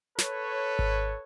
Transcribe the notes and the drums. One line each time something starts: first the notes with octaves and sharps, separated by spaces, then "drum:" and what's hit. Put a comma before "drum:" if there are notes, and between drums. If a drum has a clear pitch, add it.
A4 B4 C#5, drum: snare
drum: kick G#1